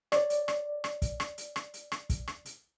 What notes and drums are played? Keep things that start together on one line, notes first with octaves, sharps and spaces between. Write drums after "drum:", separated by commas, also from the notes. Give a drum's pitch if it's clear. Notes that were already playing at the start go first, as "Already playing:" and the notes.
C#5 D5, drum: rim click
drum: hi-hat
drum: rim click
drum: rim click
drum: kick, hi-hat
drum: rim click
drum: hi-hat
drum: rim click
drum: hi-hat
drum: rim click
drum: kick, hi-hat
drum: rim click
drum: hi-hat